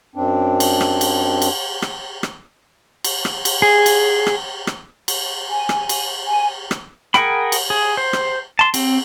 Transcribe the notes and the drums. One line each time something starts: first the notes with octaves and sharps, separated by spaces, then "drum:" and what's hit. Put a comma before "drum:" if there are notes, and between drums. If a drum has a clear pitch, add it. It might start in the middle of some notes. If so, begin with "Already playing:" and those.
F#2 C4 D4
drum: cymbal
drum: rim click
drum: cymbal
drum: cymbal
drum: rim click
drum: rim click
drum: cymbal
drum: rim click
drum: cymbal
G#4
drum: cymbal
drum: rim click
drum: rim click
drum: cymbal
G#5
drum: rim click
drum: cymbal
G#5
drum: rim click
G#4 A#4 F#5 G5 B5, drum: rim click
drum: cymbal
G#4
C5
drum: rim click
A5 C6
C4, drum: cymbal